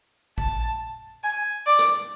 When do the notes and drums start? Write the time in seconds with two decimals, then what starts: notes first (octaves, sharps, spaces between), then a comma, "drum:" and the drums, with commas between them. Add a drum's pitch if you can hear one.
0.38 A5, drum: kick A1
1.24 G#5
1.66 D5
1.79 drum: rim click